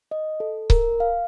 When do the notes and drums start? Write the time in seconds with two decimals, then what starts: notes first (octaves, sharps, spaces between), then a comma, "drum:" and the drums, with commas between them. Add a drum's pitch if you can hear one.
0.11 D#5
0.40 A4
0.70 A#4, drum: kick C#1
1.00 F5